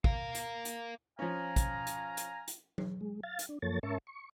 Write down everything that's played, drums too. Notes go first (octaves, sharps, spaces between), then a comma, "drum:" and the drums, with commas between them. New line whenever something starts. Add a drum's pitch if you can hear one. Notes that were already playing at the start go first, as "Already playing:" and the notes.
A#4 F5, drum: kick
drum: hi-hat
drum: hi-hat
F3 C#4 F5 G#5 A#5
drum: kick, hi-hat
drum: hi-hat
drum: hi-hat
drum: hi-hat
drum: tom F#3
G#3
F5 A6
drum: hi-hat
D4
F#2 F3 A#3 A4 C#5 A6
G#2 C#4 A#4 E5 A5 C#6
C#6